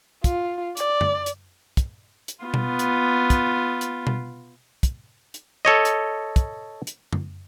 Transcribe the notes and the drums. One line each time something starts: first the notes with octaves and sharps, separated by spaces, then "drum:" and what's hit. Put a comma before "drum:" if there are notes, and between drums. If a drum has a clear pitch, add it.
F4, drum: kick, hi-hat
D5, drum: hi-hat
drum: tom F#2
drum: hi-hat
drum: kick, hi-hat
drum: hi-hat
B3 F4
drum: tom B2
drum: hi-hat
drum: kick, hi-hat
drum: hi-hat
drum: tom B2
drum: kick, hi-hat
drum: hi-hat
A4 C#5 D#5
drum: hi-hat
drum: kick, hi-hat
drum: hi-hat
drum: tom F#2